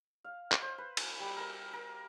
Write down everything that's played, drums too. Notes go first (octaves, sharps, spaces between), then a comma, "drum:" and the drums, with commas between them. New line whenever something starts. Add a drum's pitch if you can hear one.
F5
drum: clap
C5
B4
drum: cymbal
G3
A#4
A#4